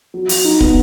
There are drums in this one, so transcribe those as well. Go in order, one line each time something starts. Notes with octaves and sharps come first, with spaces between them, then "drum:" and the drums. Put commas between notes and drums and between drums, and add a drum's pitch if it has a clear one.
F#3
F#3, drum: open hi-hat
D#4
B3, drum: kick